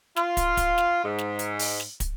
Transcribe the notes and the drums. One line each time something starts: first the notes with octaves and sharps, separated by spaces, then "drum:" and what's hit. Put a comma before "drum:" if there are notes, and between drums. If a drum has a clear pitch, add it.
F4, drum: snare
drum: kick, hi-hat
drum: kick, hi-hat
drum: snare
G#2
drum: snare
drum: hi-hat
drum: open hi-hat
drum: snare
drum: kick, hi-hat